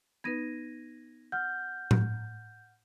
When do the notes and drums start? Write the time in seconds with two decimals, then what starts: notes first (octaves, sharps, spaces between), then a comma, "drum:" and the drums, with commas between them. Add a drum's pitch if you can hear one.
0.24 B3 D#4 B4 G#6 A#6 D#7
1.32 F#5 F6 G6
1.91 drum: tom A2